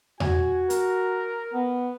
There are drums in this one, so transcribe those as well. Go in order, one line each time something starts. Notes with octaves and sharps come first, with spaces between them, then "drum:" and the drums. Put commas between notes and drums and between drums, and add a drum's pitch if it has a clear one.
F#4 G#5, drum: tom E2
A#4, drum: hi-hat
B3